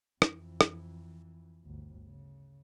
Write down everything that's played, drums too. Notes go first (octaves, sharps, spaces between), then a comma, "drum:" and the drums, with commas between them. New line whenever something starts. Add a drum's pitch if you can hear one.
F2 E3, drum: rim click
drum: rim click
G1 D2
C#3